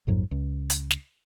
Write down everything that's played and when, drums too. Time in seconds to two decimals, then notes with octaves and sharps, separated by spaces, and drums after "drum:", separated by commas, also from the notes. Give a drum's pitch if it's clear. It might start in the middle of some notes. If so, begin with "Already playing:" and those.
0.07 A#1 F2 G#2 F#3
0.31 C#2
0.70 drum: hi-hat
0.91 drum: snare